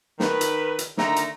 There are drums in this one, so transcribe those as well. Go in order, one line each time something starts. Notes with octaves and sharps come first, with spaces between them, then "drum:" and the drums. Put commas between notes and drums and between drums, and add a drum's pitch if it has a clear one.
D#3 B4, drum: snare
drum: hi-hat
drum: hi-hat
D3 D#3 A3 A#5, drum: snare
drum: hi-hat